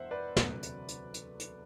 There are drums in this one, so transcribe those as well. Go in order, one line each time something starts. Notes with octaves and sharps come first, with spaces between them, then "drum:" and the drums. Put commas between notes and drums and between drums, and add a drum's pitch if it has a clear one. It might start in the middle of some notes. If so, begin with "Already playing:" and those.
Already playing: E1 E2 B2 G3 C5 E5 F#5
B4 D5
E1 D2 C3 F#3, drum: snare
drum: hi-hat
drum: hi-hat
drum: hi-hat
drum: hi-hat